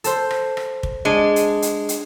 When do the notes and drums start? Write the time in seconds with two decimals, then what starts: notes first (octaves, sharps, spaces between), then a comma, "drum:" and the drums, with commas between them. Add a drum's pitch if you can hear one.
0.04 A4 C5, drum: hi-hat
0.31 drum: rim click
0.57 drum: rim click
0.83 drum: kick
1.05 G#3 D4
1.36 drum: hi-hat
1.62 drum: hi-hat
1.89 drum: hi-hat